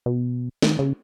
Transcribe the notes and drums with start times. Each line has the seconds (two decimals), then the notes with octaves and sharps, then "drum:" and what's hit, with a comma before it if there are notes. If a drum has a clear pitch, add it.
0.06 B2
0.62 D#3, drum: snare
0.79 C#3